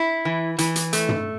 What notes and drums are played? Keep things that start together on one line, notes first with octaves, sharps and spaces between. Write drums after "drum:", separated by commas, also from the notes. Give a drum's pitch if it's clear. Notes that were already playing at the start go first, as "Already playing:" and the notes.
Already playing: E4
E3
E3, drum: hi-hat
drum: hi-hat
A3, drum: hi-hat
drum: tom